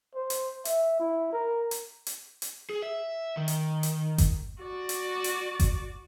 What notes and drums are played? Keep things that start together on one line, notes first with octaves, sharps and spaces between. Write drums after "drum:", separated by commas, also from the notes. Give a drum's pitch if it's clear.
C5
drum: hi-hat
E5, drum: hi-hat
E4
A#4
drum: hi-hat
drum: hi-hat
drum: hi-hat
G#4
E5
D#3
drum: hi-hat
drum: hi-hat
drum: kick G1, hi-hat
F#4 D5
drum: hi-hat
drum: hi-hat
drum: kick G1, hi-hat